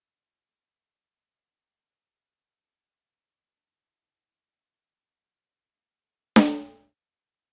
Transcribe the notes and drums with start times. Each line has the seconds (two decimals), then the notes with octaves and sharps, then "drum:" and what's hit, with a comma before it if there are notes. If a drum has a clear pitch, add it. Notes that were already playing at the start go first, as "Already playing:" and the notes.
0.20 A#2
0.49 A3
0.76 E5
1.35 D#5
1.66 G5
2.09 A#1 G#3 F4 G4 B4
3.51 D4
3.85 E4
4.99 C2
5.70 A3
6.36 drum: snare D4